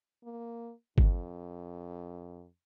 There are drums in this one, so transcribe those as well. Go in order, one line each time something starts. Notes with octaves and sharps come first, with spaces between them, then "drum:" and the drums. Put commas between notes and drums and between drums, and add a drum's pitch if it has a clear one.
A#3
F2, drum: kick G#1